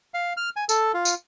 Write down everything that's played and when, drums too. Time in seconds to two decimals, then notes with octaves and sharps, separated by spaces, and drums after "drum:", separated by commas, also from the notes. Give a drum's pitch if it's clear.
0.14 F5
0.37 F6
0.56 G#5
0.69 A4, drum: tambourine
0.94 F4
1.05 drum: tambourine